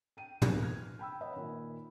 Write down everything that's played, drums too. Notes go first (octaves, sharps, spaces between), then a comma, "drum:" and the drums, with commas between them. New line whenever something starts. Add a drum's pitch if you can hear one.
G5 D#7
A1 D#2 E3 B3 C4 F#6, drum: tom
F6 G#6
G5 B5 E6
B4 C#5 D#5 F#5 B5
A#2 D#3 B5